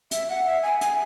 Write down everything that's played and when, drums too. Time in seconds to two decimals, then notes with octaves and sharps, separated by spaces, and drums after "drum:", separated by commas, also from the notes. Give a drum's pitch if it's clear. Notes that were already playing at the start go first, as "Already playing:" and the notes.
0.11 E5, drum: hi-hat
0.29 F#5
0.47 E5
0.63 G#5
0.81 G#5, drum: hi-hat